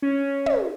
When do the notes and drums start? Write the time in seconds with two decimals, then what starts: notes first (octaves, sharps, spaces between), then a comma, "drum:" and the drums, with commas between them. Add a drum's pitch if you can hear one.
0.02 C#4
0.46 drum: tom